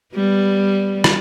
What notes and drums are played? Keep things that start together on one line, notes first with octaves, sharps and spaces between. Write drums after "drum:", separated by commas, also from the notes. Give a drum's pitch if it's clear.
G3 B3
drum: rim click